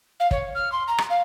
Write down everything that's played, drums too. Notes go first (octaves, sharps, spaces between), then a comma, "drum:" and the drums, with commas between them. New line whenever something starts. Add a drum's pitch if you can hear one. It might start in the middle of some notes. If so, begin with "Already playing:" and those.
F5
C#5, drum: kick
F6
C6
A#5
drum: rim click
F5